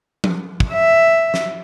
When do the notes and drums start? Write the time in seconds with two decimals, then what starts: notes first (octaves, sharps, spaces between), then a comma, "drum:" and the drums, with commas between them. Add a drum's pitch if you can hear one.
0.24 drum: tom F3
0.60 drum: kick
0.72 E5
1.34 drum: snare